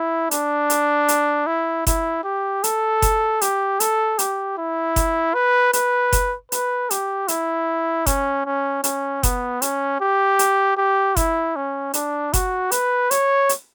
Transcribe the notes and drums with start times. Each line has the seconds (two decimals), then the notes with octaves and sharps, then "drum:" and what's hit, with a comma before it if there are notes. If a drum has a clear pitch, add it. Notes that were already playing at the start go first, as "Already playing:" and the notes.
Already playing: E4
0.31 D4, drum: hi-hat
0.70 drum: hi-hat
1.08 drum: hi-hat
1.47 E4
1.87 E4, drum: kick F#1, hi-hat
2.24 G4
2.64 A4, drum: hi-hat
3.02 drum: kick F#1, hi-hat
3.41 G4, drum: hi-hat
3.80 A4, drum: hi-hat
4.19 G4, drum: hi-hat
4.58 E4
4.96 drum: kick F#1, hi-hat
5.34 B4
5.73 B4, drum: hi-hat
6.13 drum: kick F#1, hi-hat
6.52 B4, drum: hi-hat
6.90 G4, drum: hi-hat
7.28 E4, drum: hi-hat
8.06 C#4, drum: kick F#1, hi-hat
8.46 C#4
8.84 C#4, drum: hi-hat
9.23 B3, drum: kick F#1, hi-hat
9.62 C#4, drum: hi-hat
10.01 G4
10.39 drum: hi-hat
10.77 G4
11.16 E4, drum: kick F#1, hi-hat
11.56 C#4
11.94 D4, drum: hi-hat
12.34 F#4, drum: kick F#1, hi-hat
12.71 B4, drum: hi-hat
13.11 C#5, drum: hi-hat
13.49 drum: hi-hat